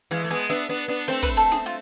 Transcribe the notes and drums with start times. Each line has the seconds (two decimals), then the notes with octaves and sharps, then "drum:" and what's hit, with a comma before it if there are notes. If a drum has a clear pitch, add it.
0.11 E3 G#3 F5
0.24 A3
0.30 G#3 B3 G#5
0.49 B3 D4 E5
0.69 B3 D4
0.88 B3 D4
1.08 A3 C4 C5
1.23 B4, drum: kick, hi-hat
1.37 A4
1.52 G#4, drum: snare
1.66 F4